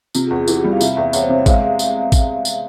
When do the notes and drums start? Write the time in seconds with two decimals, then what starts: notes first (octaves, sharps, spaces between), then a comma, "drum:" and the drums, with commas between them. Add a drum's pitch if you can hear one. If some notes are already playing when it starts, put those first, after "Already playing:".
0.15 C3 F4, drum: tambourine
0.26 G#4
0.31 E2
0.36 G#4
0.48 E3 G4, drum: tambourine
0.56 F4
0.64 G3 G4
0.72 F5
0.81 C3 E5, drum: tambourine
0.97 E2 E5
1.13 E2 C#5, drum: tambourine
1.21 C5
1.29 C3 C#5
1.38 E5
1.46 G#3 F5, drum: kick A1, tambourine
1.79 drum: tambourine
2.12 drum: kick A1, tambourine
2.45 drum: tambourine